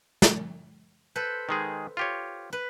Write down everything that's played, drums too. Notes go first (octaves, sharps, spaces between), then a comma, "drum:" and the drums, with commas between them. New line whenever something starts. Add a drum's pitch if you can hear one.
drum: snare
A4 B4 C5
D#3 G#3 G#4
F4 G4 C#5
B4